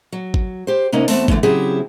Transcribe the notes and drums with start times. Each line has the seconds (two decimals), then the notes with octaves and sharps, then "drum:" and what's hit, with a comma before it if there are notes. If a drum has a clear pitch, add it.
0.12 F#3
0.34 drum: kick G#1
0.67 G4 C5
0.92 C3 A#3 C#4 D#4
1.08 E2 A3 B3 C4 A5, drum: open hi-hat
1.28 D3 E3 F3 A3 C#4, drum: kick G#1
1.43 C#3 F#3 C4 E4 G4 G#4